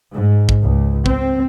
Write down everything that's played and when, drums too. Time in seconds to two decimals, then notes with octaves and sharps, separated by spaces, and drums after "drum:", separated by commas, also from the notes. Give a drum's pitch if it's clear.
0.12 G#2
0.49 drum: kick
0.61 C#2
1.06 C4, drum: kick